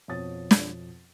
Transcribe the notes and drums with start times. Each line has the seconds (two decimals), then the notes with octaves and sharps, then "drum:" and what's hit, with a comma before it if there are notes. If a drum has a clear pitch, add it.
0.08 F2 B2 F4 C#5 D#6 A6
0.51 drum: snare